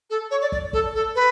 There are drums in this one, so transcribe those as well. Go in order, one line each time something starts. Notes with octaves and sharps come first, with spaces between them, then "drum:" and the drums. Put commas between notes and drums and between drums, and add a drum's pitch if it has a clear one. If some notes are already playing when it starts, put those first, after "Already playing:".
A4
C#5
D5
D5, drum: kick
A4, drum: kick
A4
B4